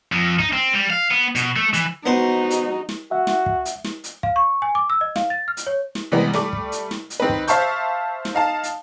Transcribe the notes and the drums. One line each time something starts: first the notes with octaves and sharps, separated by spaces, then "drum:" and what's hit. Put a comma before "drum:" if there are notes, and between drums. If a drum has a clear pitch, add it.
F2
D#4, drum: kick
C4
G3
F5
B3
B2, drum: hi-hat
A3
E3, drum: hi-hat
B3 D#4 F#4 C5
drum: hi-hat
drum: snare
F#4 E5 F#5
drum: snare
drum: kick
drum: hi-hat
drum: snare
drum: hi-hat
F5, drum: kick
C#6
G#5
D6
E6
D#5
F5, drum: snare
A6
F6
drum: hi-hat
C#5
drum: snare
C3 E3 G3 G#3 B3
G3 A3 D6, drum: snare
drum: kick
drum: hi-hat
drum: snare
drum: hi-hat
D#3 C4 D#4 B4
drum: kick
C5 E5 F5 A5 C#6 G6, drum: hi-hat
drum: snare
D#4 F5 A5
drum: hi-hat